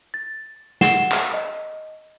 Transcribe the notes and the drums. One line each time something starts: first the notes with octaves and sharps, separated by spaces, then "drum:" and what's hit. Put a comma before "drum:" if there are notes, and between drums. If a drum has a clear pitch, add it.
A6
F#5 C7 E7 G7, drum: snare
drum: clap
D#5